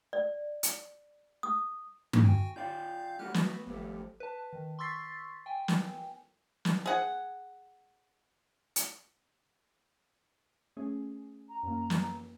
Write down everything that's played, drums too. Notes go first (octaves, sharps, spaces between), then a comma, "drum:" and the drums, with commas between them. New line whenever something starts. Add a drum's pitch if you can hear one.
D5
drum: hi-hat
D#6
drum: tom G2
F#4 G5 G#5
F4 D5 F5 G5 G6
G3 A3 F#4 G4 F6 F#6
A3 B3 F#4, drum: snare
G#1 F2 G3 A3
B4 A5
D#3
C6 C#6 E6 A6 B6 C7
G5 G#5
drum: snare
drum: snare
G#4 F#5
drum: hi-hat
A3 C#4 G#4
A#5
F#2 A#3
drum: snare